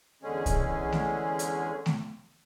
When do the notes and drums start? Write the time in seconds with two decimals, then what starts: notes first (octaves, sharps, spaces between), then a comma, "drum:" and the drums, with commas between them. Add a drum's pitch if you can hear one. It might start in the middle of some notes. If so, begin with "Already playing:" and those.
0.23 E2 D3 G#3 C#4 G#4
0.46 drum: kick, hi-hat
0.92 drum: snare A3
1.39 drum: hi-hat
1.86 drum: snare A3